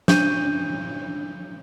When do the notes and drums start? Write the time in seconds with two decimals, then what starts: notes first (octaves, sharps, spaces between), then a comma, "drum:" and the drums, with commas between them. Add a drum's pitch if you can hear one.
0.08 D4 G6 D#7, drum: snare